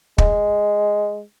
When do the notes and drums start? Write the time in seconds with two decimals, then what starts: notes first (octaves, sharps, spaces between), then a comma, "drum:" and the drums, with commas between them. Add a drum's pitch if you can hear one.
0.18 G#3, drum: kick